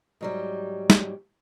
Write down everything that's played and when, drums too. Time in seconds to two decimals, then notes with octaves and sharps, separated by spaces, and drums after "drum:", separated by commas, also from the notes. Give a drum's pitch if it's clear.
0.21 G#2 F#3 G3
0.90 drum: snare